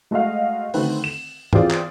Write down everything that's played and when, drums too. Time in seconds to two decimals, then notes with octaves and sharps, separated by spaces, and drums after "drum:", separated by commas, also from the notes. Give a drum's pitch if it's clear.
0.11 G#3 A3 F#4 D#5 F5
0.74 D3 D#3 A3 C4 F#4 B4, drum: open hi-hat
1.04 E7
1.53 E3 B3 C4 F4 G#4 D5, drum: tom
1.70 drum: clap